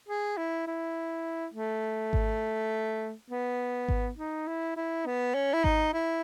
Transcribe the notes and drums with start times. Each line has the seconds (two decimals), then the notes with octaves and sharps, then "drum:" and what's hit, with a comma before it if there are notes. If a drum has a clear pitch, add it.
0.09 G#4
0.37 E4
0.67 E4
1.54 A3
2.13 drum: kick G#1
3.30 B3
3.89 drum: kick G#1
4.18 D#4
4.48 E4
4.76 E4
5.06 B3
5.35 C#4
5.53 E4
5.64 D#4, drum: kick G#1
5.93 E4